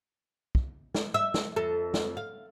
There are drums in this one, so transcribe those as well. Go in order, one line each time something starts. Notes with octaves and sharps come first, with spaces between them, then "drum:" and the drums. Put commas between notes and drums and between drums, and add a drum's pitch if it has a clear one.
drum: kick
drum: snare
E5
drum: snare
F2 A4
drum: snare
F5